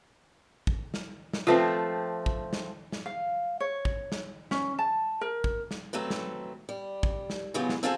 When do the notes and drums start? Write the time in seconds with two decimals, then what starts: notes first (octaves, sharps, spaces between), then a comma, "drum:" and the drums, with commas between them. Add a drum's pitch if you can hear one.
0.67 drum: kick
0.94 drum: snare
1.33 drum: snare
1.47 F3 A3 C4 F4 B4
2.26 drum: kick
2.53 drum: snare
2.92 drum: snare
3.06 F5
3.60 C#5
3.85 drum: kick
4.12 drum: snare
4.51 C#4, drum: snare
4.79 A5
5.21 A#4
5.44 drum: kick
5.71 drum: snare
5.93 F#3 A3 C4 B4
6.10 drum: snare
6.69 G3
7.03 drum: kick
7.30 drum: snare
7.54 C#3 E3 F#3 B3 F4 G4
7.69 drum: snare
7.83 C4 F4 F#4 G#4 A4 C5